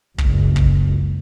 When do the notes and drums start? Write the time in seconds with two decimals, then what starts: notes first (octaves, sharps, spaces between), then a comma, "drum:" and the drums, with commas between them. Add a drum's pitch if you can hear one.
0.18 F#1 C#2, drum: kick
0.56 drum: kick